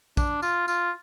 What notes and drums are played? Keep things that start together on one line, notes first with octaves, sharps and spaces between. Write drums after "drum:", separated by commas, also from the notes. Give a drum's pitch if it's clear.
D4, drum: kick, tambourine
F4, drum: tambourine
F4, drum: tambourine